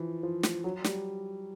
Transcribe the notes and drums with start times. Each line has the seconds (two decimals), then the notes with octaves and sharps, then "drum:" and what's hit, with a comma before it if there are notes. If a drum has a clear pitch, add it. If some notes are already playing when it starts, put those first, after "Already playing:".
Already playing: E3 F3
0.23 F3
0.43 drum: snare
0.64 F#3
0.84 G3, drum: snare